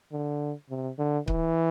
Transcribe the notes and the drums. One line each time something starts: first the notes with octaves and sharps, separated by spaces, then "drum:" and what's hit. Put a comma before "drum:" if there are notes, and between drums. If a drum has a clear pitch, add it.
D3
C3
D3
E3, drum: kick C#1